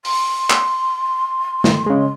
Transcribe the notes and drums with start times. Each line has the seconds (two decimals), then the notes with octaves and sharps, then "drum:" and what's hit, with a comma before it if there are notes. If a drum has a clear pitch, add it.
0.05 C6, drum: open hi-hat
0.50 drum: clap
1.64 drum: snare
1.86 C#3 G#3